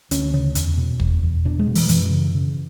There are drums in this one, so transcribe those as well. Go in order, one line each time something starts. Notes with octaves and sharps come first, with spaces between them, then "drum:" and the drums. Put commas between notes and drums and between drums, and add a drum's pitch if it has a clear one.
D2 C#4, drum: hi-hat
C#3 C#4
E2, drum: hi-hat
B2
E2, drum: kick
E2
B2 D4
G#3
B2
E3, drum: open hi-hat
F#2 E3, drum: hi-hat
C#3
C#3